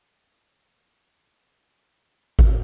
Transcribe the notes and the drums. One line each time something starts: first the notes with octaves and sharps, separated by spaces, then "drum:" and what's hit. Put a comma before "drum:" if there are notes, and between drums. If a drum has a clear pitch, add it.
C#4 D#5
G3 B4 E5
G#4
drum: kick G#1